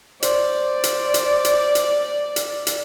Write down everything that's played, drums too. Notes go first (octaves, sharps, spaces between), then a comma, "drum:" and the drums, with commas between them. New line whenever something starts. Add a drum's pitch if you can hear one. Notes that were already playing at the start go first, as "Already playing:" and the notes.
C5 D5, drum: hi-hat
drum: hi-hat
drum: hi-hat
drum: hi-hat
drum: hi-hat
drum: hi-hat
drum: hi-hat